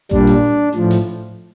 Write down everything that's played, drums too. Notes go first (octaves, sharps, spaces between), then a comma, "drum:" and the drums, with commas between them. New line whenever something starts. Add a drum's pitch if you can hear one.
A#2 G3 D4, drum: kick A1
drum: hi-hat
A2 F3
drum: hi-hat